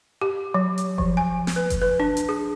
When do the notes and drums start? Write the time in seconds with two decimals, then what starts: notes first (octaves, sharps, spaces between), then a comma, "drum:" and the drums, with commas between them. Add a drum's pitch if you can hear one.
0.21 G4
0.54 F#3
0.78 drum: hi-hat
0.98 F3, drum: kick F#1
1.17 G#5
1.47 drum: snare
1.56 B4
1.70 drum: kick F#1, hi-hat
1.81 B4
2.00 D4
2.17 drum: hi-hat
2.29 G#4